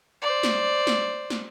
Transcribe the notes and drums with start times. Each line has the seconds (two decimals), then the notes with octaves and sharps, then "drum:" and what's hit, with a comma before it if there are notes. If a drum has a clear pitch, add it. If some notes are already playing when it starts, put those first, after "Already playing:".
0.22 C5 D5
0.43 drum: snare
0.87 drum: snare
1.30 drum: snare